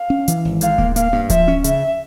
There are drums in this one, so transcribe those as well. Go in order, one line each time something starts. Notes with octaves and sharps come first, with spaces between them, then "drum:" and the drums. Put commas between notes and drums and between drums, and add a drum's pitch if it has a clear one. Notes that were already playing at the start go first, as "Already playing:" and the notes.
Already playing: F5
C#4
E3, drum: hi-hat
G#1
G#2 F5, drum: hi-hat
A#3, drum: kick D1
A#3 F5, drum: hi-hat
G2, drum: tom A#3
F3 E5, drum: kick D1, hi-hat
C#4
C#3 E5, drum: hi-hat